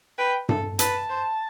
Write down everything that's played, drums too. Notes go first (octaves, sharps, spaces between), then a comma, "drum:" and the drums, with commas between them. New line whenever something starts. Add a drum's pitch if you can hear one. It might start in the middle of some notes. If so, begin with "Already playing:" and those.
B4 G5
A4, drum: tom G2
B4 A5, drum: hi-hat
C5